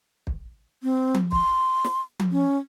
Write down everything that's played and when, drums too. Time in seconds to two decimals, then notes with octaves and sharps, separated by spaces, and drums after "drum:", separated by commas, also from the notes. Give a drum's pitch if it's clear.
0.27 drum: kick
0.83 C4
1.14 drum: tom F3
1.32 C6, drum: kick
1.84 drum: snare
2.19 drum: tom F3
2.32 C#4